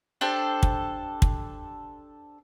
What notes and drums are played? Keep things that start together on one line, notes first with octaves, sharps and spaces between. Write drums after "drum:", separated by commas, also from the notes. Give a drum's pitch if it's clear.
D4 G4 A4 C5
drum: kick
drum: kick